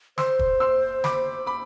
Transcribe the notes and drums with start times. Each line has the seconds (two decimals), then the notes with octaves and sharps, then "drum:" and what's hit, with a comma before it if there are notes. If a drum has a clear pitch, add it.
0.18 C5 C6 E6, drum: snare
0.39 drum: kick
0.60 C6 E6
1.04 B5 D6, drum: snare
1.47 B5 D6